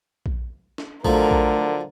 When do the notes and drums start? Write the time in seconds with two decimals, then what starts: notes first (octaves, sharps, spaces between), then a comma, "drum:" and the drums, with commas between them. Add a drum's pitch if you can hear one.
0.26 drum: kick A#1
0.78 drum: snare
1.05 D3 F3 F#3 A3 A#4, drum: kick A#1
1.31 drum: kick A#1